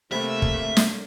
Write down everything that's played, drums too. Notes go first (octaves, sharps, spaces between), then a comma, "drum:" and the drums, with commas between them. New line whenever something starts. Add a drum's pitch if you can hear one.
C3 A3 A#3 E5 B5
drum: kick
drum: snare